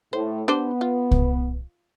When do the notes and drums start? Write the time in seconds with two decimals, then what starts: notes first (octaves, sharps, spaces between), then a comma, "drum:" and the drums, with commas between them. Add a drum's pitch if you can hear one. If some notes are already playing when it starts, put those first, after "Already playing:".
0.13 A2 C5
0.48 B3 D4 G4 C5
0.81 F4
1.11 drum: kick C2